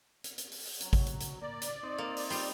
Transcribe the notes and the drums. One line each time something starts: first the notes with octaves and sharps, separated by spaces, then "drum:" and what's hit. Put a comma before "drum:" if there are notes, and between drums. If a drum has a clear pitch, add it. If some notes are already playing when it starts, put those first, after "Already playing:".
drum: hi-hat
drum: hi-hat
drum: open hi-hat
drum: open hi-hat
F#3, drum: hi-hat
drum: kick G#1, open hi-hat
drum: hi-hat
drum: hi-hat
A#3 D5
drum: hi-hat
C4 D#4
A#3
drum: open hi-hat
G3 F4, drum: open hi-hat